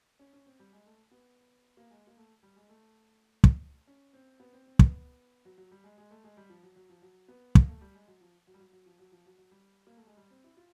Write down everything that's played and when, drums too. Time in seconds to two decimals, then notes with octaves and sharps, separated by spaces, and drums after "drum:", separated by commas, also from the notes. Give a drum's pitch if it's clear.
0.19 C#4
0.33 C#4
0.46 C4
0.60 G3
0.73 G#3
0.86 A3
1.11 B3
1.77 A#3
1.91 G#3
2.07 A#3
2.17 A3
2.43 G3
2.56 G#3
2.69 A3
3.44 drum: kick
3.87 C#4
4.13 C4
4.40 B3
4.53 C4
4.66 C4
4.79 B3, drum: kick
5.45 F#3
5.58 F#3
5.71 G3
5.84 G#3
5.98 G#3
6.11 A3
6.24 G#3
6.37 G3
6.50 F3
6.63 F#3
6.76 F#3
6.90 F3
7.02 F#3
7.28 B3
7.55 A#3, drum: kick
7.68 A3
7.81 G3
7.95 G#3
8.07 F#3
8.21 F3
8.47 F#3
8.54 G3
8.60 F#3
8.73 F#3
8.86 F3
8.99 F#3
9.12 F3
9.26 F#3
9.38 F#3
9.51 G3
9.87 A#3
9.97 A3
10.07 G#3
10.17 G3
10.30 C4
10.44 E4
10.57 F4